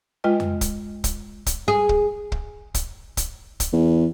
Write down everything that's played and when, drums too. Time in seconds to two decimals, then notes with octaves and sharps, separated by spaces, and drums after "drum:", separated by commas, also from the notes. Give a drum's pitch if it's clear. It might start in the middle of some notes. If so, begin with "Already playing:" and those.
0.24 G#3 F4 B4 D#5 G5
0.40 drum: tom F2
0.61 drum: kick, hi-hat
1.04 drum: kick, hi-hat
1.46 drum: kick, hi-hat
1.68 G#4
1.89 drum: kick
2.32 drum: kick
2.75 drum: kick, hi-hat
3.17 drum: kick, hi-hat
3.60 drum: kick, hi-hat
3.73 E2